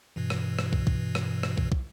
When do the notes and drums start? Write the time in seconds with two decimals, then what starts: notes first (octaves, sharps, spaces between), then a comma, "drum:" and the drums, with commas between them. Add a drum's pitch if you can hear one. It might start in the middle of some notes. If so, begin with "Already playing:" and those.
0.16 G2 B2 E3
0.30 drum: rim click
0.59 drum: rim click
0.73 drum: kick
0.87 drum: kick
1.15 drum: rim click
1.43 drum: rim click
1.58 drum: kick
1.72 drum: kick